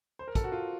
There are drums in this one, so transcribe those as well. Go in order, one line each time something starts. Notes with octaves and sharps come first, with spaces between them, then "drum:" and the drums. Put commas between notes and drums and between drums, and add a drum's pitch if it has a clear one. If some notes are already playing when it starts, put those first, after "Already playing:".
C5
A#4
A4, drum: kick, hi-hat
F#4
F4